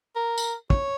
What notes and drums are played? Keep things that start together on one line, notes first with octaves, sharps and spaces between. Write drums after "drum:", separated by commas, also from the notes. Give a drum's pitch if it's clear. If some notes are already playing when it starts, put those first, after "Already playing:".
A#4
drum: tambourine
C#5, drum: kick